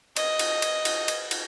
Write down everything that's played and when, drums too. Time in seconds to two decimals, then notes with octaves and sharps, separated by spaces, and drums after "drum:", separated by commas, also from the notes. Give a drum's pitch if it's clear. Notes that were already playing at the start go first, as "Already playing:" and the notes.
0.17 D#5, drum: cymbal
0.39 drum: cymbal
0.62 drum: cymbal
0.85 drum: cymbal
1.08 drum: cymbal
1.31 drum: cymbal